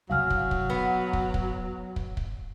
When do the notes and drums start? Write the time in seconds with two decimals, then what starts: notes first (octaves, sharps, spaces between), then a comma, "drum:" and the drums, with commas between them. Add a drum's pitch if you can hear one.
0.10 E2 C3 F#3 F5 G#5 F6
0.30 drum: kick
0.51 drum: kick
0.70 B2 B3
1.13 drum: kick
1.34 drum: kick
1.96 drum: kick
2.17 drum: kick